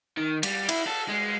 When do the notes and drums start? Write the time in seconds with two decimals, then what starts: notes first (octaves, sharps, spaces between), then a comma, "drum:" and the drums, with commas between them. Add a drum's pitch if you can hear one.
0.17 D#3
0.43 G3, drum: cymbal
0.69 E4, drum: cymbal
0.87 A4
1.09 G#3